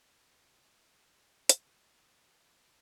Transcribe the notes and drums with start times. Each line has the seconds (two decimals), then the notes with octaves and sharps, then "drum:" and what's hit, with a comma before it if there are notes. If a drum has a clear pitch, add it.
0.75 F#3
1.14 F#3
1.49 drum: hi-hat
1.60 C3
1.92 E2
2.29 G#3